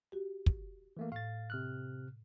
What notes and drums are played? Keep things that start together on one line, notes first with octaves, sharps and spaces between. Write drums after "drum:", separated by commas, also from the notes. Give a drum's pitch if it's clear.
F#4 G4
drum: kick
E3 A3 A#3
A2 F5 A6
C3 F6 F#6